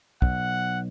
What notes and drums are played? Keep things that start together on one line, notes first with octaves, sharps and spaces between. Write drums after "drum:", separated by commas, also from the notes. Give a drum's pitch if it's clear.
B1 F#5, drum: kick